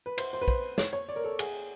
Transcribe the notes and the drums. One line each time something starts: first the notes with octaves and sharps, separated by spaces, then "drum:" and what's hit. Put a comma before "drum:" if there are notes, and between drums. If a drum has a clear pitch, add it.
B4
C5, drum: cymbal
C5
B4
C5, drum: kick
C#5, drum: snare
C#5
D5
A#4
A4
G#4, drum: cymbal